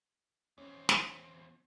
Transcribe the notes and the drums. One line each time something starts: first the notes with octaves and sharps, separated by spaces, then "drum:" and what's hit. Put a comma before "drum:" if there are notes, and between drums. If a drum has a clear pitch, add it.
E2 C4 C#4
drum: snare